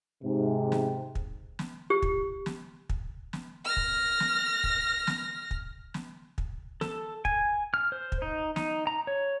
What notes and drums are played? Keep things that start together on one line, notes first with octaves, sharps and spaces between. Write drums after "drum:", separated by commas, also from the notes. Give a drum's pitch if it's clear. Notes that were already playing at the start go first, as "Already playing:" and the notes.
G#2 C3
drum: snare
drum: kick
drum: snare
G4
drum: kick
drum: snare
drum: kick
drum: snare
F6 A#6
drum: kick
drum: snare
drum: kick
drum: snare
drum: kick
drum: snare
drum: kick
A4, drum: snare
G#5, drum: kick
F6
C5
drum: kick
D#4
D#4, drum: snare
A#5
C#5